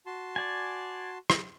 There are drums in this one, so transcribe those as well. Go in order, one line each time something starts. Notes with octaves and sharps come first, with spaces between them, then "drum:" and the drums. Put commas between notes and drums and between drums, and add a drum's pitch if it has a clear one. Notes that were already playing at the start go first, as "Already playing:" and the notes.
F#4 A5 C6
D5 G#5
drum: rim click